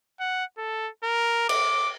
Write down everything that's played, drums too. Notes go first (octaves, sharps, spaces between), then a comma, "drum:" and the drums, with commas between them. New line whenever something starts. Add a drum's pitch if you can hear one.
F#5
A4
A#4
D6, drum: cymbal